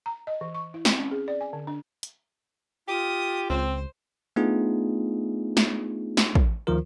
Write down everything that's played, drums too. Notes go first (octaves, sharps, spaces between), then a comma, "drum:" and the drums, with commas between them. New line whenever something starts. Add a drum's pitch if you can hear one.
A#5
D#5
E3
C#6
E4
C4, drum: snare
C#4
G#4
D5
G#5
D3
D4
drum: hi-hat
F4 G4 D#6
C#2 C4 C5
A3 B3 D4 D#4 F4 G#4
drum: snare
drum: snare
drum: kick
D2 D#3 F3 F4 A#4